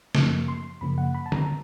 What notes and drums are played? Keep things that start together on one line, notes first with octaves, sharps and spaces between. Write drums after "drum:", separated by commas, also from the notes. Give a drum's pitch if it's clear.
F#2 C#3 F3 A#3 C#6, drum: snare
C6
F#2 C#3 F3 A#3 B5
F#5
B5
A5
A#5, drum: tom D3